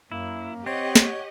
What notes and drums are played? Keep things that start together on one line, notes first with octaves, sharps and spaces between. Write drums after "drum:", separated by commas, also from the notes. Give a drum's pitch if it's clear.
F#2 A#3 E4
C4 G4 C#5 D#5 F#5
drum: snare